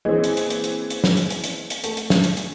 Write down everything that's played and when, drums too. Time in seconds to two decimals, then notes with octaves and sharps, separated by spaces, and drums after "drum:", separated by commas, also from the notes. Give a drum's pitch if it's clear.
0.05 E3 A#3 C4 G#4 D#5
0.24 drum: hi-hat
0.37 drum: hi-hat
0.50 drum: hi-hat
0.64 drum: hi-hat
0.90 drum: hi-hat
1.04 drum: snare
1.17 drum: hi-hat
1.30 drum: hi-hat
1.44 drum: hi-hat
1.70 drum: hi-hat
1.84 A3, drum: hi-hat
1.97 drum: hi-hat
2.10 drum: snare
2.24 drum: hi-hat
2.37 drum: hi-hat